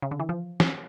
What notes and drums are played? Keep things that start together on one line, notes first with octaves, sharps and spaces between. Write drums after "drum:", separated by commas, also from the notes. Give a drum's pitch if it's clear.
C#3
D3
E3
F3
drum: snare